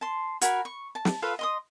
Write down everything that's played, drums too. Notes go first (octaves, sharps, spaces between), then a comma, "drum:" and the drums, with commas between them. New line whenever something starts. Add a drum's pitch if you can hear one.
A5 C6
F#4 A#4 G#5 B5, drum: hi-hat
C#6
A5
drum: snare
F4 A4 B4 F5
D#5 C6 D#6